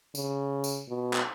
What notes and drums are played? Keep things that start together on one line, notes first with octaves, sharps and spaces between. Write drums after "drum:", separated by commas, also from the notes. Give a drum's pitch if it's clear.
C#3, drum: tambourine
drum: tambourine
B2
drum: clap